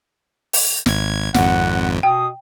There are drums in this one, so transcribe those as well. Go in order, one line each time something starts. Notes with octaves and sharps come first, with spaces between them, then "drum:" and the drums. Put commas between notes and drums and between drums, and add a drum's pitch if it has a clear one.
drum: open hi-hat
G#1 G#6, drum: snare
G#1 F2 F#5, drum: snare
B2 G5 D#6